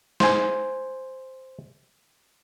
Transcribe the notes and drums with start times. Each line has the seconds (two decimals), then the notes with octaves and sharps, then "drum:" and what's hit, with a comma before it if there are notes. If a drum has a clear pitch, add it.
0.20 C5 G#5, drum: snare